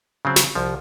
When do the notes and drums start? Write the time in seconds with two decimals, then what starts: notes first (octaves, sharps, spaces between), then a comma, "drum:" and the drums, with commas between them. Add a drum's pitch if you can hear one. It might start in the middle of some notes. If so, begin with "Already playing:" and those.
0.25 C#3 F#3 C4
0.36 drum: snare
0.55 C2 F3